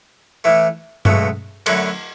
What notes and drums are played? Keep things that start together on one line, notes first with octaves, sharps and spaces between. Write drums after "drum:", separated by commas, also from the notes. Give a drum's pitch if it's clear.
A2 E3 A3
C#2 B2 F#3 A3, drum: tom G2
F#2 D3 F#3 A3 E4, drum: cymbal